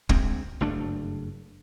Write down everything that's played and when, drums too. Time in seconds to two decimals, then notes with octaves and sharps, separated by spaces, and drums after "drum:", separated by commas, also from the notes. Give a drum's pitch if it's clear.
0.09 D2 G#3 C4, drum: kick
0.61 F#1 G2 A3 D4